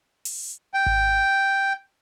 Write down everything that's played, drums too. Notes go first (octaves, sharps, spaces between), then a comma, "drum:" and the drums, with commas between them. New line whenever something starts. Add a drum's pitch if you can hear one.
drum: open hi-hat
G5
drum: kick G#1